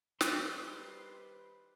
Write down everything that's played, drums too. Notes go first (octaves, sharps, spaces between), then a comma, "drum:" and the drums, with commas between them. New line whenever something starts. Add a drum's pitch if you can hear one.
D#3 G3 G4 B4 C5 C6, drum: snare